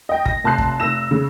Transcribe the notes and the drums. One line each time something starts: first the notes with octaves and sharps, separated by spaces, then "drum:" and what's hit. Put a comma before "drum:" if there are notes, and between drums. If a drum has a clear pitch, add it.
D#5 G5
A#6, drum: kick
F1 A5 C6 F#6 C7
drum: kick
F1 E6 A#6 E7
C#3